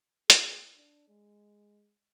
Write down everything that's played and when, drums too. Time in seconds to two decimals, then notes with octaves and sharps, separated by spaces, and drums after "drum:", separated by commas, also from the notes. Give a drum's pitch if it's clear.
0.30 G#4, drum: hi-hat
0.77 D4
1.08 G#3